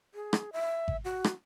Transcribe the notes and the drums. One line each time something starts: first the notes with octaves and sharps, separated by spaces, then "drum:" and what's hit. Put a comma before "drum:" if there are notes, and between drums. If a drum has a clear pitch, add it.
G#4
drum: rim click
E5
drum: kick G#1
F#4
drum: rim click